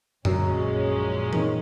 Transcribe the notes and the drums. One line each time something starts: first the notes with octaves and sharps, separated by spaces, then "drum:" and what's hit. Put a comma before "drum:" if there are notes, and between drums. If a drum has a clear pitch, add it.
A#1 F#2 A#2 F#3 G#3 C#4, drum: tom F#2
D#3, drum: tom E3